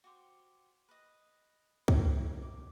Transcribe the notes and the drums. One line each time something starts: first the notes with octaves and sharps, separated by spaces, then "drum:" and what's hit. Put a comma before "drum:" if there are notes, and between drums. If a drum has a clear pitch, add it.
F#4 G4 C5
B4 D#5
drum: kick
D6